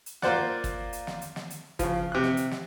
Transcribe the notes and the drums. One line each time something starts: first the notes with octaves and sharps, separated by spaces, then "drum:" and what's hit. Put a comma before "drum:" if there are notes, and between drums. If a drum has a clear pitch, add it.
drum: hi-hat
A#3 F4 C5 D5 F#5, drum: snare
drum: kick, hi-hat
drum: hi-hat
drum: snare
drum: hi-hat
drum: snare
drum: hi-hat
C#3 F3, drum: kick, hi-hat
C3 F#6
drum: snare
drum: hi-hat
drum: snare